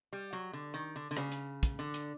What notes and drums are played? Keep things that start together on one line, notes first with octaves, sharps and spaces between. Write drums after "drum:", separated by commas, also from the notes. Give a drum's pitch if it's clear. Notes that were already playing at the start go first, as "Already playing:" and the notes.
G3
F#3
D3
D#3
D3
D3
C#3, drum: rim click
drum: hi-hat
drum: kick, hi-hat
D3
drum: hi-hat